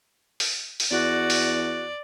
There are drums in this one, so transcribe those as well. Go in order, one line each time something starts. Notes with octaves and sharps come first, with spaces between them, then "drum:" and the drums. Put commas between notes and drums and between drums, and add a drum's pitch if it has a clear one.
drum: open hi-hat
drum: open hi-hat
E2 F#4 D5
drum: open hi-hat